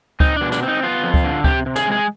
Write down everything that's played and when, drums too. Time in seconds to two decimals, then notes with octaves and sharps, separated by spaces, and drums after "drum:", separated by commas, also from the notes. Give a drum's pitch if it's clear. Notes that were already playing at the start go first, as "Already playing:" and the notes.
0.20 C4 D#4, drum: kick C#2
0.36 B2 D4
0.52 D4, drum: snare
0.63 C4
0.68 D#4
0.83 B3 F4
1.03 F2
1.14 drum: kick C#2
1.24 D3
1.44 C3 G4, drum: kick C#2
1.66 C3
1.76 G#4, drum: snare
1.87 G#3 G#4